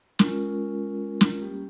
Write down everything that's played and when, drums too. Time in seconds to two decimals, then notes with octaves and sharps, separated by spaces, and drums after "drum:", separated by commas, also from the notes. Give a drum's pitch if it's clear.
0.19 G#3 C#4 F4 A#4, drum: snare
1.21 drum: snare
1.41 G3 A#3 C#4 G4